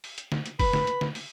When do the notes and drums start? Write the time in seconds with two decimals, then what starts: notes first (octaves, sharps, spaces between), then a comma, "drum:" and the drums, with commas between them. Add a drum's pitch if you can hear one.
0.04 drum: open hi-hat
0.18 drum: hi-hat
0.32 drum: snare
0.46 drum: hi-hat
0.59 B4 B5, drum: kick, open hi-hat
0.73 drum: snare
0.87 drum: hi-hat
1.01 drum: snare
1.15 drum: open hi-hat